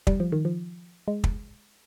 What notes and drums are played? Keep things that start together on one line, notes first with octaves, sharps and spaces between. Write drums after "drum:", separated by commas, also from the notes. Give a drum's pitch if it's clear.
G3, drum: kick
F3
D#3
F3
G#3
drum: kick